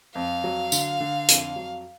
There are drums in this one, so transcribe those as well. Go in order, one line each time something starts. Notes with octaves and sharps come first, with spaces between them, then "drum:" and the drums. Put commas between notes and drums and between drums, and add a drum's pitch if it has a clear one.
F2 F5
F#3
D3, drum: tambourine
D3
F2, drum: hi-hat
F#3